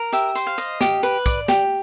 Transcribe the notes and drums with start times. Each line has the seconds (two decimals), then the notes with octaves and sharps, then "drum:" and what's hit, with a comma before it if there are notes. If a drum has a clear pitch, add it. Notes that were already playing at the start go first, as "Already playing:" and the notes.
Already playing: A#4
0.13 G4 E5, drum: hi-hat
0.35 C5, drum: hi-hat
0.47 F5
0.58 D#5, drum: hi-hat
0.81 G4, drum: snare
1.03 B4, drum: hi-hat
1.26 D5, drum: kick, hi-hat
1.48 G4, drum: snare